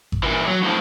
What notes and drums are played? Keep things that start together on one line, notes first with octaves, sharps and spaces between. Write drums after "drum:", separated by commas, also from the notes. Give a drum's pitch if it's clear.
drum: kick G#1
A#2 E3
F#3
A2 F3